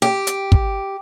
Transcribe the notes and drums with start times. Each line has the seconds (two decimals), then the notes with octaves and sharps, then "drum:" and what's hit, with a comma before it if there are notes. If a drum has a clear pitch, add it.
0.02 G4
0.27 drum: hi-hat
0.52 drum: kick